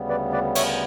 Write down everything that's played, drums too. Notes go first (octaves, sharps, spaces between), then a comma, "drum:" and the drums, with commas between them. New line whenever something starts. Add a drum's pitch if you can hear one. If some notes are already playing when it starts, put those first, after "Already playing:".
Already playing: D2 C#3 G3 B3
B4 D5
B4 D5
C#5 E5, drum: cymbal